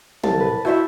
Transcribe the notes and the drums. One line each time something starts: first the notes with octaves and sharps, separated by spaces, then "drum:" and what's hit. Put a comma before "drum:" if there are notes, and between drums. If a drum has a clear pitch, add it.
C2 A5, drum: tom
B4
E4 F#4 C5 E5, drum: rim click